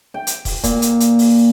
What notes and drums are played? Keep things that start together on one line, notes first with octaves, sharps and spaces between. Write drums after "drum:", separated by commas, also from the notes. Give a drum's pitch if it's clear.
G5
drum: hi-hat
drum: kick, open hi-hat
A#2, drum: kick, hi-hat
drum: hi-hat
drum: hi-hat
drum: open hi-hat